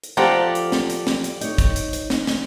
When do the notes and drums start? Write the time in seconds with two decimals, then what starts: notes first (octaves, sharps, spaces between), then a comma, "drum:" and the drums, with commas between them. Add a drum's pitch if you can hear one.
0.03 drum: hi-hat
0.17 F3 C4 F4 G4 A4 D5 F#5 A#5
0.55 drum: hi-hat
0.72 drum: snare
0.89 drum: hi-hat
1.07 drum: snare
1.24 drum: hi-hat
1.41 D#4 C#5, drum: hi-hat
1.58 drum: kick, hi-hat
1.76 drum: hi-hat
1.93 drum: hi-hat
2.10 drum: snare
2.27 drum: snare